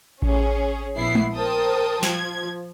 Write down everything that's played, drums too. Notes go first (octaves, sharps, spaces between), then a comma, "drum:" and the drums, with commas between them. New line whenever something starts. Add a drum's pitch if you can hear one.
C#4 G#4, drum: kick A1
A#1 B3 E4 C7
drum: tom G#3
A#4 C5 G5 A5 D#6
F3 G#6, drum: snare